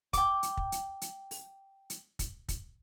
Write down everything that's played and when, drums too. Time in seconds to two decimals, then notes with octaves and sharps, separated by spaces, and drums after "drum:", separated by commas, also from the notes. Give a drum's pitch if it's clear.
0.13 G5 D6, drum: kick, hi-hat
0.43 drum: hi-hat
0.57 drum: kick
0.72 drum: hi-hat
1.01 drum: hi-hat
1.31 drum: open hi-hat
1.90 drum: hi-hat
2.19 drum: kick, hi-hat
2.49 drum: kick, hi-hat